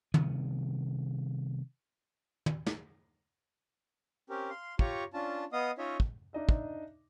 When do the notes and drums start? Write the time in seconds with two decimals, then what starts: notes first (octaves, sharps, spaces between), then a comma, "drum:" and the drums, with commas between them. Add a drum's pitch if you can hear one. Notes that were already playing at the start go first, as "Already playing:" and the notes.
0.14 C3 D#3 G3 B3, drum: tom
2.46 drum: tom
2.66 drum: snare
4.30 C4 C#4 G4 A#4
4.50 F5 C6
4.79 F4 G4 C#5 A#5 C#6, drum: kick
5.14 C#4 D4 F4 A5
5.53 B3 D#5 F5 D#6
5.78 C#4 D#4 F4 C#5 D#5 E5
6.00 drum: kick
6.33 D4 D#4 D#5 E5
6.49 drum: kick